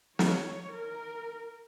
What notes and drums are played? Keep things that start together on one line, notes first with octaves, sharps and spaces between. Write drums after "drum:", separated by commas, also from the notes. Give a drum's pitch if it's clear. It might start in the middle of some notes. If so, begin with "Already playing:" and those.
C#5, drum: snare
A#4